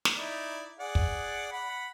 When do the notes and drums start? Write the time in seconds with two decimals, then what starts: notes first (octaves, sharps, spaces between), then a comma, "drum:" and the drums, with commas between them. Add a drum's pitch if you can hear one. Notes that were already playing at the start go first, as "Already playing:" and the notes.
0.05 drum: snare
0.17 D#4 E4 D5
0.79 G#4 D5 F#5
0.95 drum: kick
1.52 F#5 B5